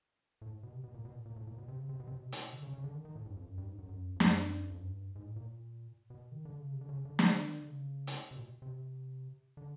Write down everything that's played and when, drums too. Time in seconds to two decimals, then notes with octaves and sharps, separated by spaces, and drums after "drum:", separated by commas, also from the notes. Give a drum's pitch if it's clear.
0.42 A2
0.63 B2
0.73 C3
0.84 B2
0.94 A#2
1.05 B2
1.15 A#2
1.26 A#2
1.36 A2
1.47 A#2
1.58 B2
1.68 C3
1.78 C#3
1.89 C3
2.00 B2
2.07 C3
2.16 B2
2.24 C3
2.32 B2, drum: hi-hat
2.53 D3
2.63 C#3
2.73 C#3
2.84 D3
2.94 D#3
3.05 D#3
3.16 A2
3.26 G2
3.37 F2
3.47 F#2
3.58 G2
3.68 G#2
3.79 F#2
3.89 F#2
4.16 F2
4.20 F#2, drum: snare
4.70 F2
4.77 F#2
4.84 G2
5.16 G#2
5.25 A2
5.36 A#2
6.10 B2
6.32 D#3
6.45 D3
6.59 C#3
6.73 C3
6.81 D3
6.89 C#3
7.05 D3
7.19 drum: snare
7.42 D#3
7.55 D3
7.68 C#3
8.07 drum: hi-hat
8.31 C3
8.36 A#2
8.42 B2
8.62 C3
9.57 D3